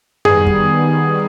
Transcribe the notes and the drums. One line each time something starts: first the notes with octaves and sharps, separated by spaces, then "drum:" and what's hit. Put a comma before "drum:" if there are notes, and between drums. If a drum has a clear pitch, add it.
D#3 G3 B3 G#4, drum: tom F#2
drum: kick F#2